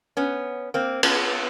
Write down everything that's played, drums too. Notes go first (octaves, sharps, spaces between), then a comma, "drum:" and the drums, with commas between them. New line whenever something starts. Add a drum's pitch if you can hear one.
B3 C#4
A#3 C4
B3 C#4, drum: cymbal